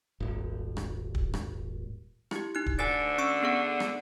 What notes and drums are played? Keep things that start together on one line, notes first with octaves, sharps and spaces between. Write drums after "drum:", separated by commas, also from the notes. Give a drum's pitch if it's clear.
D#1 G#1
drum: rim click
drum: kick
drum: rim click
E4 G4, drum: rim click
D#4 F#6
drum: kick
D3 G#5 A6
C#4 C#6 E6
B3 G#4 F#5
drum: rim click